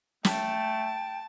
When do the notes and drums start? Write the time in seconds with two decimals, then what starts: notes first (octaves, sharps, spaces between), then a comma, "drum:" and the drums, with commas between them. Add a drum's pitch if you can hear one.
0.25 A3 G5 A5, drum: snare